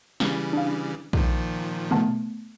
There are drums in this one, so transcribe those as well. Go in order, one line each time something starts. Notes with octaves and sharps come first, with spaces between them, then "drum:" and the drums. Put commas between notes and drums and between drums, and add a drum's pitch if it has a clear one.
C#3 E3 G3, drum: snare
D4 F5
A#2 D#3 F3, drum: kick
A3 B3 A5, drum: tom